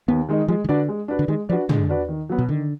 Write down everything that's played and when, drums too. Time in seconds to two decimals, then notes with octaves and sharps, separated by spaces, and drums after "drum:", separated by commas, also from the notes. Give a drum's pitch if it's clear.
0.08 D#2 B3
0.29 D#3 G#3 D#4
0.48 F3 G#3
0.64 D#3
0.69 D3 D4 F#4 B4 D5
0.89 G#3
1.08 D4 F#4 B4 D5
1.19 D3
1.28 D#3 G#3
1.49 F3 D4 F#4 B4 D5
1.69 D3 G#3, drum: tom
1.89 D4 F#4 B4 D5
2.09 D#3
2.29 F#3 B3
2.38 B2
2.49 D3 D#3